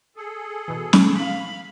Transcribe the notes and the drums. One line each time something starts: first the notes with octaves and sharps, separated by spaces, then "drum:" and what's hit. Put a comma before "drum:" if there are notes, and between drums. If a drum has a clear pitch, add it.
G#4 A4
B2 E3
drum: snare
F5 B5